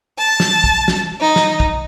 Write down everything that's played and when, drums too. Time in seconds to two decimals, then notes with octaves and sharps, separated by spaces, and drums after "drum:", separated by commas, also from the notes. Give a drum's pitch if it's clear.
0.16 A5
0.40 drum: snare
0.64 drum: kick
0.88 drum: snare
1.20 D#4
1.36 drum: snare
1.60 drum: kick